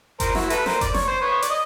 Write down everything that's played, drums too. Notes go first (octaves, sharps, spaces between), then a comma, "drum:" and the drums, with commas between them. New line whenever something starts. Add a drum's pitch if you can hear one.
A#4 C5, drum: kick F#1, hi-hat
E4 F#4, drum: snare
A4 B4, drum: hi-hat
A#4 C5, drum: snare
D5, drum: kick F#1, hi-hat
C#5, drum: snare
C5
B4 C#5
D5, drum: hi-hat
D#5